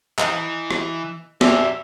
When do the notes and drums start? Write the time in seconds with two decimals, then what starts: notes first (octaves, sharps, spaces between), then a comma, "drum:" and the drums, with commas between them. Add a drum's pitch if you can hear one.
0.19 E3 D#4, drum: clap
0.71 drum: rim click
1.41 A#2 A#4 C#5 E5, drum: snare